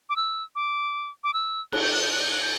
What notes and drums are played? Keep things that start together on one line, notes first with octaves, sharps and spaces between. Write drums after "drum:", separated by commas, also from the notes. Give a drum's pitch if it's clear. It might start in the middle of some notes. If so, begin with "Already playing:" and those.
D6
E6
D6
D6
E6
F#6, drum: cymbal
G6
F#6
G6
F#6
G6
F#6
G6